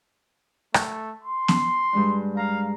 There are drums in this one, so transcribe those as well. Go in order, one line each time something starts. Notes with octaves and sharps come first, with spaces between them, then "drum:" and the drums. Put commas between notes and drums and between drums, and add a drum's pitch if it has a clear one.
A3, drum: rim click
C6
drum: snare B3
G2 G#3 D4
F5 A#5